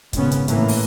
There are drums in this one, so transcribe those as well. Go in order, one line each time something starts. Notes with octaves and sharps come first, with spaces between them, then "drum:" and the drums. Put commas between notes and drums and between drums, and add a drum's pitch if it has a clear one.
G#1 A#2 C#3 B3 C#4, drum: kick, hi-hat
drum: hi-hat
A2 E3 A#3, drum: hi-hat
drum: open hi-hat